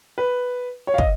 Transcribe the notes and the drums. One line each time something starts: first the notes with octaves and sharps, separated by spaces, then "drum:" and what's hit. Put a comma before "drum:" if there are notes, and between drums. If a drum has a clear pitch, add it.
B4
C#5
F5
D#5, drum: kick